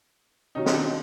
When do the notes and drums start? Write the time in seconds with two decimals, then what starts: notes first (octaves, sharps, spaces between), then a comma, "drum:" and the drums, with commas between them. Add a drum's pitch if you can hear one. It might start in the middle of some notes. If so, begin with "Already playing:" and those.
0.55 C3 D#3 F#3 C#4 D#4
0.66 D#4, drum: snare
0.72 C4 D4